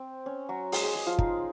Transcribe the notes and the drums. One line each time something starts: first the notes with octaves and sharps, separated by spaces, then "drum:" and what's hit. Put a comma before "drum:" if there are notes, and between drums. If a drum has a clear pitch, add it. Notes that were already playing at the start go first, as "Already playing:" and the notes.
Already playing: C4
C#4
F#3 F#4
G#3 G#4, drum: open hi-hat
G#3 G#4
G#3 G#4
F3 F4
D#4, drum: kick